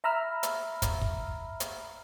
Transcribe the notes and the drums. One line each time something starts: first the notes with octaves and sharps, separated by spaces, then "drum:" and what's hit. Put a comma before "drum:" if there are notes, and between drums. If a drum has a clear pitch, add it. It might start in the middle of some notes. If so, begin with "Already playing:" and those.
E5 A#5 B5 E6 F6
drum: hi-hat
drum: kick, hi-hat
drum: kick
drum: hi-hat